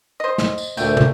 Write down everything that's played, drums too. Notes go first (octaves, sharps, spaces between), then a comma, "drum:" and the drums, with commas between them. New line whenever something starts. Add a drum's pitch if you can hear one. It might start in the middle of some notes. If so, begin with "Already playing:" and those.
C5 D#5
drum: snare
drum: tambourine
D2 A#2 A3 G5 G6, drum: tambourine
drum: tom